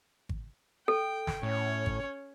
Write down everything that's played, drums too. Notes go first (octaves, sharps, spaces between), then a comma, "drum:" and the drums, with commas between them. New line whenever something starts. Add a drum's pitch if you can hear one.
drum: kick G#1
A4 G5
drum: snare
A2 C#4 C#5
drum: kick G#1